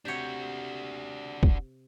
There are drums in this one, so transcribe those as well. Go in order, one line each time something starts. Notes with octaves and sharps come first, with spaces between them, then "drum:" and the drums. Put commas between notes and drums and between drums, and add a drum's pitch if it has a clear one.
C3 D4 F#4 G4 C#5
drum: kick F1